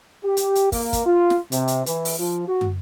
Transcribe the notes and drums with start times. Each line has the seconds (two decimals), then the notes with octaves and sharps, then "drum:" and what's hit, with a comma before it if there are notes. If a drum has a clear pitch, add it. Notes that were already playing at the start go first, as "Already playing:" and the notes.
0.25 G4
0.37 drum: hi-hat
0.55 drum: hi-hat
0.72 A#3, drum: kick, open hi-hat
0.93 drum: kick, hi-hat
1.06 F4
1.30 drum: snare
1.52 C3, drum: hi-hat
1.68 drum: hi-hat
1.86 E3, drum: hi-hat
2.05 drum: open hi-hat
2.20 F3
2.48 F#4
2.61 drum: tom